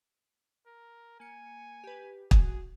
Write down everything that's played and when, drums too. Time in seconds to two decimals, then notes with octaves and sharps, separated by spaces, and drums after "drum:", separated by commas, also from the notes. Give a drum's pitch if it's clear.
0.67 A#4
1.20 A#3 G#5 C#7
1.84 G4 B4
2.31 F#4 G#4, drum: kick